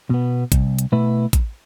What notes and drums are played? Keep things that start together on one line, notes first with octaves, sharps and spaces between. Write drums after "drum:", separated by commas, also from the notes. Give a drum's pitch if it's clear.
B2 B3
C2, drum: kick, hi-hat
drum: hi-hat
B2 A3 E4 B4
drum: kick, hi-hat